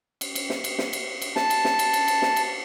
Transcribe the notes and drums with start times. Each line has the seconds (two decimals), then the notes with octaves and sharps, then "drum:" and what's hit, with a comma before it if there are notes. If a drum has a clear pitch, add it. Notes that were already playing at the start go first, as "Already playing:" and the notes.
0.21 drum: cymbal
0.35 drum: cymbal
0.50 drum: snare
0.64 drum: cymbal
0.78 drum: snare
0.93 drum: cymbal
1.22 drum: cymbal
1.36 A5, drum: snare
1.50 drum: cymbal
1.65 drum: snare
1.79 drum: cymbal
1.93 drum: cymbal
2.08 drum: cymbal
2.22 drum: snare
2.36 drum: cymbal